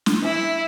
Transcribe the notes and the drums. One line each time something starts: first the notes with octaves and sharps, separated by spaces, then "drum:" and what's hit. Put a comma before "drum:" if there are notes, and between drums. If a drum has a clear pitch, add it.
drum: snare
E4